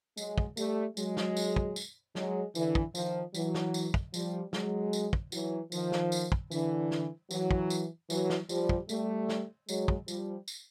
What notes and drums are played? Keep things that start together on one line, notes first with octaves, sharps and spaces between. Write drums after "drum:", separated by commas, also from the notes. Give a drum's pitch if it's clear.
F#3 G#3, drum: tambourine
drum: kick
G3 A3, drum: tambourine
F#3 G#3, drum: tambourine
drum: snare
drum: tambourine
drum: kick
drum: tambourine
F#3 G#3, drum: snare
D3 E3, drum: tambourine
drum: kick
D#3 F3, drum: tambourine
E3 F#3, drum: tambourine
drum: snare
drum: tambourine
drum: kick
F3 G3, drum: tambourine
F#3 G#3, drum: snare
drum: tambourine
drum: kick
E3 F#3, drum: tambourine
D#3 F3, drum: tambourine
drum: snare
drum: tambourine
drum: kick
D3 E3, drum: tambourine
drum: snare
E3 F#3, drum: tambourine
drum: kick
drum: tambourine
E3 F#3, drum: tambourine
drum: snare
F3 G3, drum: tambourine
drum: kick
G3 A3, drum: tambourine
drum: snare
F#3 G#3, drum: tambourine
drum: kick
F3 G3, drum: tambourine
drum: tambourine